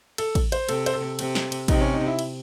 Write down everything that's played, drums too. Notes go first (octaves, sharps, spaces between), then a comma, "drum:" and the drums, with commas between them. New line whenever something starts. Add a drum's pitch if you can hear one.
A4, drum: cymbal
drum: kick A1, cymbal
C5, drum: cymbal
C3 A4, drum: cymbal
C5, drum: cymbal
A4
C3, drum: cymbal
drum: snare
drum: cymbal
C3 D#4, drum: kick A1, cymbal
C#4
D#4
E4
drum: cymbal